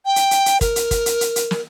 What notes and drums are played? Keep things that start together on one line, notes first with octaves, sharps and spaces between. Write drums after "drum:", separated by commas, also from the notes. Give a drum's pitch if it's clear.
G5
drum: hi-hat
drum: hi-hat
drum: hi-hat
A#4, drum: kick, hi-hat
drum: hi-hat
drum: kick, hi-hat
drum: hi-hat
drum: hi-hat
drum: hi-hat
drum: snare